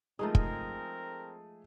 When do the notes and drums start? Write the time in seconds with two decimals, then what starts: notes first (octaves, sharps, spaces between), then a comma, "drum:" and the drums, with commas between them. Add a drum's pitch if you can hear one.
0.19 F3 G#3 A3 C4 D#4 G#4 A#4
0.35 drum: kick